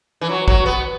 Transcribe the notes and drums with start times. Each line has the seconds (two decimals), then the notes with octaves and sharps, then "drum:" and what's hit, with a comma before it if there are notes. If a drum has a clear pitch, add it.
0.21 E3
0.29 F#3
0.48 F#3, drum: kick
0.66 B3